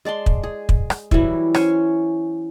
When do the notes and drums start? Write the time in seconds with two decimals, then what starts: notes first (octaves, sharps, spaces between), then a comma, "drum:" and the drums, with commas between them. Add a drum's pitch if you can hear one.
0.05 G#3 D5 A5 C6
0.26 drum: kick
0.43 G#4
0.69 drum: kick
0.90 drum: rim click
1.11 E3 F#3 G3 E4, drum: kick
1.54 C#4 C5 C#5 G#5, drum: rim click